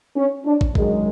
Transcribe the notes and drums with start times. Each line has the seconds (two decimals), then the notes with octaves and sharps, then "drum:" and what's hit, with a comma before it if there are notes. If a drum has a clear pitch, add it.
0.16 C#4
0.46 D4
0.61 drum: kick
0.75 F#2 D#3 F#3 G#3, drum: kick